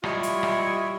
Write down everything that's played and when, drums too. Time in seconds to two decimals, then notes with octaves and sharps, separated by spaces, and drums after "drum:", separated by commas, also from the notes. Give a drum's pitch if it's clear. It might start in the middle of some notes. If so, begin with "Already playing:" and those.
0.04 G3 E4 F4 C#5 D#5 E5, drum: rim click
0.23 drum: hi-hat
0.43 drum: rim click